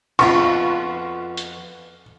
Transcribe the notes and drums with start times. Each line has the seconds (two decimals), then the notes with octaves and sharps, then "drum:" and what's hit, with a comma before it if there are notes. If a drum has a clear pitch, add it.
0.19 F2 B3 F4 C#6, drum: cymbal
1.37 drum: hi-hat